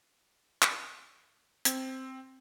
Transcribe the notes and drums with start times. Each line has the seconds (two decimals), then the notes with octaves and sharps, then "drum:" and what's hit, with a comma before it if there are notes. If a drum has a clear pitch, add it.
0.62 drum: clap
1.65 C4, drum: hi-hat